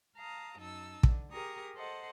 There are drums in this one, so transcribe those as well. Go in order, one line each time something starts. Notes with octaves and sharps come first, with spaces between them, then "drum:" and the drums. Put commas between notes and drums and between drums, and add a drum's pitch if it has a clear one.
F5 A5 A#5 D#6
F#2 D#4 A5 E6
D3, drum: kick
G4 G#4 A#4 A#5 C#6 D#6
A4 C5 D#5 F#5 A5